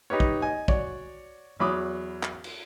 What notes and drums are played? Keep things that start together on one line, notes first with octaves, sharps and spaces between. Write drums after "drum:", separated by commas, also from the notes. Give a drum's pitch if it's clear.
D#4 G4 B4 C#5
drum: kick
D#5 G#5
F#4 C#5 D5, drum: kick
E2 F#3 B5 D6 D#6
drum: clap
drum: cymbal